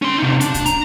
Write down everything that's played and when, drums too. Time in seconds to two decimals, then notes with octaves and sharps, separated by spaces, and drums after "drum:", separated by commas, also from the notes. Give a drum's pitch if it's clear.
0.02 C#4 C6
0.18 C3 D#4
0.41 D4, drum: hi-hat
0.54 drum: kick, hi-hat
0.66 A#5, drum: hi-hat